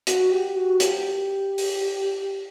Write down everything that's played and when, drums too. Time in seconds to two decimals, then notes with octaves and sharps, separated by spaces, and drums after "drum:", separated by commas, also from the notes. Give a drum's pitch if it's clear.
0.07 F#4, drum: hi-hat
0.32 G4
0.56 F#4
0.80 G4, drum: hi-hat
1.58 drum: open hi-hat